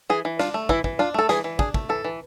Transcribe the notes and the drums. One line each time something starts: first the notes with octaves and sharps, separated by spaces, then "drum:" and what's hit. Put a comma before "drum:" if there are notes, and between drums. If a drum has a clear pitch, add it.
E3 G#4
E3
D4 F4, drum: snare
A3
E3 E4, drum: kick
E3, drum: kick
D4 F4
A3 A4
E3 G#4, drum: snare
E3
D4 G#4, drum: kick
A3, drum: kick
E3 A4
E3